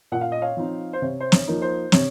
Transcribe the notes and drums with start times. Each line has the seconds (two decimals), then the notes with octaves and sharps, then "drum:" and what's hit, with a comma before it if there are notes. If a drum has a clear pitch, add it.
0.12 A#2 F#5
0.21 F5
0.32 D#5
0.42 C#5 F5
0.57 F3 C4 D#4
0.93 C5
1.02 C3 C#5
1.20 C5
1.32 C#5, drum: snare
1.47 F3 A#3 D#4
1.62 C5
1.92 C3 C#5, drum: snare